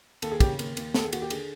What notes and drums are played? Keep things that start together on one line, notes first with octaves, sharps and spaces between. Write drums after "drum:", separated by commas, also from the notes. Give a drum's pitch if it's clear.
D#2 A4, drum: cymbal
G#4
C#3 G4, drum: kick, cymbal
D#2, drum: cymbal
D#2, drum: cymbal
D#2 A4, drum: snare
G#4
D#2 F#4, drum: cymbal
G4
D3 G#4, drum: cymbal